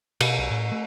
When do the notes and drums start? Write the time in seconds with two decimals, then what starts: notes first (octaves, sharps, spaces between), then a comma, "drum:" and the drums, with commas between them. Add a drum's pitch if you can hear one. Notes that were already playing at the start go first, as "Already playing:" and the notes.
0.21 B2, drum: cymbal
0.38 B1
0.51 A2
0.72 A3